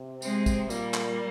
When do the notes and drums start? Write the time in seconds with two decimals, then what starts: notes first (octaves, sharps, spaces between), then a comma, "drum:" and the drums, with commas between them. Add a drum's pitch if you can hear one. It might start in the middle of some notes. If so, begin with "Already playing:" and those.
Already playing: C3
0.22 G#3 C4, drum: tambourine
0.46 drum: kick, tambourine
0.70 A#2 G3 A#3, drum: tambourine
0.94 drum: clap